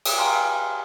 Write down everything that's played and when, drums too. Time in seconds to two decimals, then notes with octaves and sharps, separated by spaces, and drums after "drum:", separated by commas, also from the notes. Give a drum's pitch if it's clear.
0.05 drum: cymbal
0.18 F5 G5 G#5 A#5 C6 F6